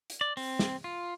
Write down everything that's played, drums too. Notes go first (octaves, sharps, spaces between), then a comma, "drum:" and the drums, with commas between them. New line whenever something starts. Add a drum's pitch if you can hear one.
drum: hi-hat
D5
C4, drum: open hi-hat
drum: snare
F4